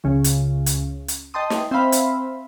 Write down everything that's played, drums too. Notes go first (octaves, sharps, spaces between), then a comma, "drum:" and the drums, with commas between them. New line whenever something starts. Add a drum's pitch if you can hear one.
C#2 C#3
drum: hi-hat
drum: hi-hat
drum: hi-hat
D#5 G5 A5 C6 D#6
drum: snare
C4 C5 E5 F5 B5
drum: hi-hat